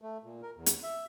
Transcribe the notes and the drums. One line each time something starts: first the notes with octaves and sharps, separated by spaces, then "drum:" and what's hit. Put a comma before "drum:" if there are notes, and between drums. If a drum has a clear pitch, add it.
A3
A#2
A#4
E2
drum: hi-hat
E5